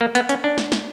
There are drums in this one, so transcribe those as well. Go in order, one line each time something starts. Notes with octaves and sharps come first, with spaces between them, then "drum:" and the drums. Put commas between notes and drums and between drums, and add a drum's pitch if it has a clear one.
A#3
B3, drum: hi-hat
C#4, drum: hi-hat
D4
drum: snare
drum: snare